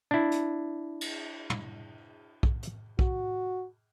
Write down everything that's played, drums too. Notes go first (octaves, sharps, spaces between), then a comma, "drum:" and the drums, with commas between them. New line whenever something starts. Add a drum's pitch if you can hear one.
D4 E4
drum: hi-hat
drum: cymbal
drum: tom
drum: kick B1
drum: hi-hat
F#4, drum: kick B1